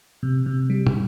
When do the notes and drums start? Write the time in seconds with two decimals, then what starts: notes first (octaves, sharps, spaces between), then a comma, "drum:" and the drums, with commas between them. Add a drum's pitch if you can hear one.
0.23 C3
0.46 C3
0.70 G3
0.87 drum: tom